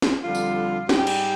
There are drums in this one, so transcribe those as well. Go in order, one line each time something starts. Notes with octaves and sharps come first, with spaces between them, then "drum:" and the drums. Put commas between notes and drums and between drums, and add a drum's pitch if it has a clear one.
drum: snare
F2 D3 G3 F4
drum: tambourine
G#2 G3 G4, drum: snare
drum: cymbal